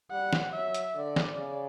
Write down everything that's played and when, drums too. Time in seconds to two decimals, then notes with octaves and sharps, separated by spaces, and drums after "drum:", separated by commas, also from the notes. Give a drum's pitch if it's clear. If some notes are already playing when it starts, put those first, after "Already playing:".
0.11 G3 F#5
0.33 drum: snare
0.53 F#3 E5
0.74 drum: hi-hat
0.95 D3 D5
1.16 drum: snare
1.37 C#3